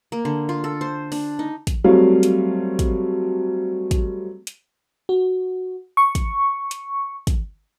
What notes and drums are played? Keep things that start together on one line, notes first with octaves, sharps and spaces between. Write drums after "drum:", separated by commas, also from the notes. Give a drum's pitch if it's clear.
A#3
D3
F4
A4
C5
D4, drum: open hi-hat
D#4
drum: kick, hi-hat
F#3 G3 A3 C4 F5
drum: hi-hat
drum: kick, hi-hat
drum: kick, hi-hat
drum: hi-hat
F#4
C#6
drum: kick, hi-hat
drum: hi-hat
drum: kick, hi-hat